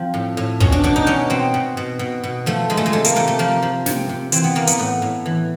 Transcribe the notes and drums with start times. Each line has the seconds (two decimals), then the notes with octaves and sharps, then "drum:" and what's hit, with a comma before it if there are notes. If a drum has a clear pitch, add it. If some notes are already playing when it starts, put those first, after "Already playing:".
Already playing: F3 C4
0.14 A2
0.37 A2
0.60 B2 C#4, drum: kick
0.72 D4
0.84 B2 D4
0.96 D#4
1.07 B2 C#4
1.30 B2 C4
1.54 B2
1.77 B2
1.99 B2
2.24 B2
2.46 F3 A3
2.70 F3 G#3
2.77 A3
2.86 G#3
2.92 C3 A3
3.05 A#3, drum: hi-hat
3.16 C3 A3
3.28 A3
3.39 F3 A#3
3.63 F3
3.86 C3, drum: snare
4.09 C3
4.32 E3 C4, drum: hi-hat
4.44 B3
4.55 E3 A#3
4.67 B3, drum: hi-hat
4.79 A2 B3
5.02 A2
5.26 E3